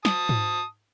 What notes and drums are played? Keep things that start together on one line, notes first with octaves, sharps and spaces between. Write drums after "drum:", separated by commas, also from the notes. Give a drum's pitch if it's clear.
A5 D#6, drum: snare
drum: tom G#2